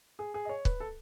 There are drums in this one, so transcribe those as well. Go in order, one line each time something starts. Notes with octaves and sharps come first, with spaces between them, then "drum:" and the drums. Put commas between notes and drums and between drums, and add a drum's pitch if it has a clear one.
G#4
G#4
D#5
C#5
B4, drum: kick
A4